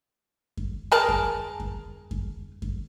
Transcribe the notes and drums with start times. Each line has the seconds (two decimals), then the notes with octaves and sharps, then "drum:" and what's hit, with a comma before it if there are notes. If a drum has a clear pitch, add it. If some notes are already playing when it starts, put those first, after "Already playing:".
0.57 drum: kick F#2
0.92 G#4 A#4 A5
1.09 drum: kick F#2
1.60 drum: kick F#2
2.11 drum: kick F#2
2.62 drum: kick F#2